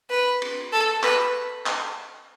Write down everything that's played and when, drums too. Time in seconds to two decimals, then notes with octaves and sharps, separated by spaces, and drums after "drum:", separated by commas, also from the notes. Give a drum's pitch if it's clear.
0.10 B4
0.42 drum: cymbal
0.73 A4
1.04 B4, drum: clap
1.66 drum: clap